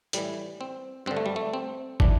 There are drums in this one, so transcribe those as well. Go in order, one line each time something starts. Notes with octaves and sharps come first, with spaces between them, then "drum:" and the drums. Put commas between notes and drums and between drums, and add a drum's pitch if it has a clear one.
A2 E3 G3, drum: hi-hat
C4
G2 D3 C4
A3
G3
A3
C4
E3 D4, drum: kick